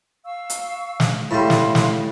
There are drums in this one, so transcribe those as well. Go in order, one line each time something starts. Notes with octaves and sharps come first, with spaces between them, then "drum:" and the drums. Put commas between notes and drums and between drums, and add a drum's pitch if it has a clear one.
F5 C#6 E6
drum: hi-hat
drum: snare
A2 G3 E5 F5 C6
drum: snare
drum: snare